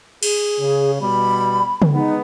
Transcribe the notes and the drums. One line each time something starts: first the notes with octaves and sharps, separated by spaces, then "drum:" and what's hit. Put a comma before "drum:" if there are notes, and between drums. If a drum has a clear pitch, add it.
G#4, drum: cymbal
C#3
B2 G3 B5
drum: tom C#3
G#3 B3 D#4